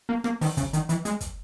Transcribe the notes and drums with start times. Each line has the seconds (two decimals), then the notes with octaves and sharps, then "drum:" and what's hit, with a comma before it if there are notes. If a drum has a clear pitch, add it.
0.09 A#3
0.24 A#3, drum: rim click
0.41 D#3, drum: open hi-hat
0.57 C#3, drum: kick, hi-hat
0.73 D#3, drum: hi-hat
0.89 E3, drum: hi-hat
1.05 G#3, drum: hi-hat
1.21 drum: kick, hi-hat